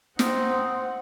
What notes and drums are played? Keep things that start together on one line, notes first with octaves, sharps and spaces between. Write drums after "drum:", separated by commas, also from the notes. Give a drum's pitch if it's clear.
C4 D#4 F#5, drum: snare